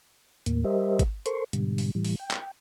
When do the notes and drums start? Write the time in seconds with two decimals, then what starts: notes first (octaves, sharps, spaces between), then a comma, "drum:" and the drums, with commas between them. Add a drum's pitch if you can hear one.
0.46 D#2 A2 A#3, drum: hi-hat
0.64 G3 G4 A#4 C5 D#5 E5
0.99 drum: kick G#1, hi-hat
1.26 A4 A#4 C5 C6 C#6, drum: hi-hat
1.53 G#2 B2 D3 G3, drum: hi-hat
1.78 drum: open hi-hat
1.95 A2 E3 G3
2.04 drum: open hi-hat
2.20 G5
2.31 drum: clap